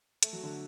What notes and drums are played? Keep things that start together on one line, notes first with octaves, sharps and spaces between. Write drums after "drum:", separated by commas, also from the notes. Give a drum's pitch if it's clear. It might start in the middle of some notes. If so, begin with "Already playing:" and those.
A3, drum: hi-hat
F#3
D3